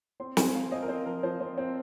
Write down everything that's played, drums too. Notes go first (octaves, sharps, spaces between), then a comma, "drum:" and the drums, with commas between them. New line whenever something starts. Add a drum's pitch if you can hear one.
C4 C6
F3 G#5, drum: snare
F3 F5
C4 D#5
A#4
C4 C5
F3 A#4
F3 C5
C4
C4